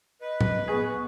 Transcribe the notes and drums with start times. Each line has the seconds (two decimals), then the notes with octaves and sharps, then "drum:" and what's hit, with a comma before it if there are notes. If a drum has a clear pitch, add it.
0.21 B4 D#5
0.41 drum: tom A2
0.68 B3 G#4 C#6